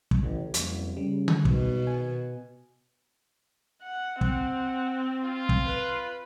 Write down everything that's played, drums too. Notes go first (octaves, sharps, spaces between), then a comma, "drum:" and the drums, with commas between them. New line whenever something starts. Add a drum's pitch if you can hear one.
drum: kick
A1 C#3
F#1 C2 F2, drum: hi-hat
C#3 G3
drum: tom C#3
G#1 B2 D#3, drum: kick
G#5
F#5
C4 F#5, drum: kick
F4
drum: kick
B4